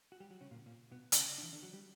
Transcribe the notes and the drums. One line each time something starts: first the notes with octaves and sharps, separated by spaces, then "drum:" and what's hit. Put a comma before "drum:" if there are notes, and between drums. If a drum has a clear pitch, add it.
F#4
G3 G4
F#3 F#4
C#3 C#4
A#2 A#3
A#2 A#3
B2 B3
C#3 C#4, drum: hi-hat
D4
E3 E4
D3 D4
F#3 F#4
G3 G4